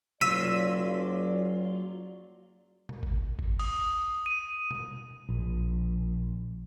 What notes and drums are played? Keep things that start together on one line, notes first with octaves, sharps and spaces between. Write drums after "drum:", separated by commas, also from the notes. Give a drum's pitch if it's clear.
F#1 F#3 F4 D5 E6 B6 D#7, drum: tom B2
drum: tom B2
drum: kick G1
drum: kick G1
D#6, drum: open hi-hat
D#7
drum: tom B2
A#1